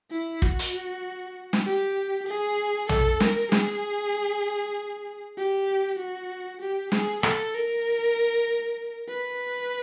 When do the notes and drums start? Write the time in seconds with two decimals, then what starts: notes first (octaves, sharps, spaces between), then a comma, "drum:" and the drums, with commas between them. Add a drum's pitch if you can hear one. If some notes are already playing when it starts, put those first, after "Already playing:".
0.11 E4
0.42 F#4, drum: kick
0.59 drum: hi-hat
1.53 drum: snare
1.66 G4
2.28 G#4
2.89 A4, drum: tom A#1
3.20 A#4, drum: snare
3.52 G#4, drum: snare
5.37 G4
5.99 F#4
6.61 G4
6.92 G#4, drum: snare
7.23 A4, drum: rim click
7.54 A#4
9.08 B4